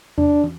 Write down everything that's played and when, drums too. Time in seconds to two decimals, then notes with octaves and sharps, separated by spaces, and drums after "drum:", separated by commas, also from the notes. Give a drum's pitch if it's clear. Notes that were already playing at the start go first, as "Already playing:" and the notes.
0.18 D4, drum: tom E2
0.44 drum: tom